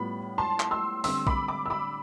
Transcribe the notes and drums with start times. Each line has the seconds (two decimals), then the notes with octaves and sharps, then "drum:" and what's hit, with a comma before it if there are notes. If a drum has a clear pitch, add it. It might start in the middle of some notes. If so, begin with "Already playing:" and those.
Already playing: A2 G3 B3 F4 B5
0.38 A5 C6
0.60 drum: clap
0.71 C6 E6
1.04 D3 G3 C4 C6 E6, drum: open hi-hat
1.27 B5 D6, drum: kick A#1
1.48 B5 D6
1.66 E6
1.70 B5 D6